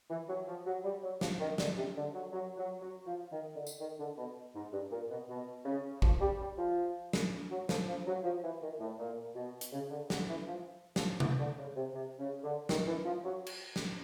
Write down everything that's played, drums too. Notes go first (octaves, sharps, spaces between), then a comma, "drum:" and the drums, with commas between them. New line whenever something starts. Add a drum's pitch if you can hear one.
E3
F#3
F3
F#3
G3
F#3
F3, drum: snare
D#3
D3, drum: snare
C3
D3
F#3
F#3
F#3
F#3
F3
D#3
D3
drum: tambourine
D#3
D3
B2
G#2
G2
A#2
B2
B2
C#3
F3, drum: kick
G3
G3
F3
drum: snare
F#3
F3, drum: snare
F3
F#3
F3
E3
D#3
A2
A#2
B2
drum: hi-hat
C#3
D3
D3, drum: snare
E3
F3
F3, drum: snare
E3, drum: tom
D3
C#3
C3
C3
C#3
D3
D#3, drum: snare
E3
F3
F#3
drum: cymbal
drum: snare